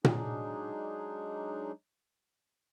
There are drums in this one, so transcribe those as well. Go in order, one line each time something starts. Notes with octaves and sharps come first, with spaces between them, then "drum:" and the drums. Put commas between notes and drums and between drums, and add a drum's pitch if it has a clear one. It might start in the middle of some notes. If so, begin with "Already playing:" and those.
F#3 G#3 D4 D#4 G#4, drum: tom A#2